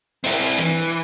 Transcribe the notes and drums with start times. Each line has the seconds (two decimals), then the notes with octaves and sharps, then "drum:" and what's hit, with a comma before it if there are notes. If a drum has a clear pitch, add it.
0.24 C4 E4, drum: open hi-hat
0.58 E3, drum: hi-hat